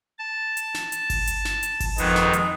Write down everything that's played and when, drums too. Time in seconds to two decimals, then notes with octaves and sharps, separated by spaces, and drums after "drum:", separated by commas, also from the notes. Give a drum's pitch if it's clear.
0.19 A5
0.57 drum: hi-hat
0.74 drum: snare
0.92 drum: hi-hat
1.10 drum: kick G1, open hi-hat
1.27 drum: hi-hat
1.45 drum: snare
1.63 drum: hi-hat
1.80 drum: kick G1, open hi-hat
1.98 F2 D#3 G#3 B3 D#4, drum: hi-hat
2.16 drum: snare
2.33 drum: hi-hat